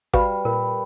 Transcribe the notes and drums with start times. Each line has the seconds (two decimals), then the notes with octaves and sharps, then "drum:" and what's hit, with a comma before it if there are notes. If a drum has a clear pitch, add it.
0.13 G3 F#4 B4 F5, drum: kick G#1
0.45 A#2 A#4 B4